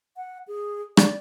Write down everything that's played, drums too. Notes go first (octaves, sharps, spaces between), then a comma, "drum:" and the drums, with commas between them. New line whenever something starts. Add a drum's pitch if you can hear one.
F#5
G#4
D5, drum: rim click